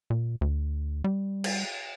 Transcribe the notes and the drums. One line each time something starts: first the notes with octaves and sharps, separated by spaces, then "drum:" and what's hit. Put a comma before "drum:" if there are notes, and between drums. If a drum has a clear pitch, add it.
A#2
D2
G3
drum: cymbal